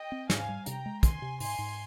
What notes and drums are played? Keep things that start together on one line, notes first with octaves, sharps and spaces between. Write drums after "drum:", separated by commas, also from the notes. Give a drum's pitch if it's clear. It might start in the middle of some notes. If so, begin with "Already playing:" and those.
Already playing: D#5 G5
C4
G#2 F5 G#5, drum: snare
G3
C3 G5 A#5, drum: hi-hat
G#3
D#3 G#5 C6, drum: kick, hi-hat
C3
G#2 G#5 C6, drum: open hi-hat
G#2